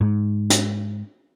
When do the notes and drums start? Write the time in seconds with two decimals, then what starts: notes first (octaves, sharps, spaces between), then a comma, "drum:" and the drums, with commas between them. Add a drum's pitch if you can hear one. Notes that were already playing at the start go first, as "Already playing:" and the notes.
0.01 G#2
0.50 drum: hi-hat